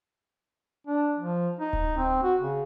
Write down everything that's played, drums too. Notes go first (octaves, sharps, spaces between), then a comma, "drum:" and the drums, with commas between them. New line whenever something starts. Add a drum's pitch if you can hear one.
D4
F3
D#4
drum: kick D1
C4
F#4
C#3